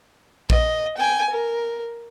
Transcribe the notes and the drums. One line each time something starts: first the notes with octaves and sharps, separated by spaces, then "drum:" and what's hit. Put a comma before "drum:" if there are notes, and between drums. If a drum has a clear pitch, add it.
D#5, drum: kick A#1
G5 G#5
A#4